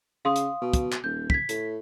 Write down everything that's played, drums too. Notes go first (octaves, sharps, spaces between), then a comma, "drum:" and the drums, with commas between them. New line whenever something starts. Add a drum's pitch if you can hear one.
C#3 F5 C6 D#6
drum: hi-hat
B2
drum: kick, hi-hat
drum: clap
D#1 G6
G#6 B6, drum: kick
A2, drum: hi-hat